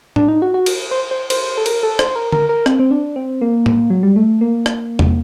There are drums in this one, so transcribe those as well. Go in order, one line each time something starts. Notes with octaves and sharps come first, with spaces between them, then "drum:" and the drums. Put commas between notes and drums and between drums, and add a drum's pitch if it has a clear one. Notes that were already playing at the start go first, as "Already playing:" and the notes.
D4, drum: tom A2
D#4
F#4
F#4
drum: cymbal
C5
C5
C5, drum: cymbal
A4
A#4, drum: cymbal
A4
C5, drum: rim click
A#4
A#4, drum: tom D3
A#4
C4, drum: rim click
C4
D4
C4
A#3
drum: tom A2
F#3
G3
A3
A#3
drum: rim click
drum: tom E2